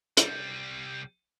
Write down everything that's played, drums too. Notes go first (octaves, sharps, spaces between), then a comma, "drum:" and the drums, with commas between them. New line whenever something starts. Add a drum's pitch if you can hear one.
C2 G3, drum: hi-hat